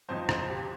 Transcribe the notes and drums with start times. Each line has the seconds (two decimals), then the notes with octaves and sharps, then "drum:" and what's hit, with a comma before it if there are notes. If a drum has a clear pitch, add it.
0.09 G1 F2 F3 D#4 C5
0.29 C5, drum: rim click
0.50 G4